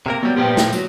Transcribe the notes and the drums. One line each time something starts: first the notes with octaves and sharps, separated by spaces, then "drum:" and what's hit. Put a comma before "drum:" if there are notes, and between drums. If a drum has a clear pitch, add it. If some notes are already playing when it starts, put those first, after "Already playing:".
C3 A#3 A#4
F#3 G3 B3
A#2 F3 G3 G4 B4 G5
drum: snare
F#3, drum: tambourine